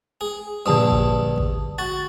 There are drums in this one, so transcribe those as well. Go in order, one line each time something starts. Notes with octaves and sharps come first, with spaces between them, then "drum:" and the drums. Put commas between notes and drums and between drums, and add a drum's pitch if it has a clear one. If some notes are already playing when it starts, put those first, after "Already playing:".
G#4
A#1 G2 D3 A5 D#6
drum: kick A1
drum: kick A1
F#4 A6